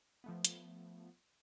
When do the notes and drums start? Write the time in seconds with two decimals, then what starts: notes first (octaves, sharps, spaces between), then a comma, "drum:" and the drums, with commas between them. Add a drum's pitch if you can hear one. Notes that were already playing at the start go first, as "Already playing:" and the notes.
0.24 F3 A3 B3
0.45 drum: hi-hat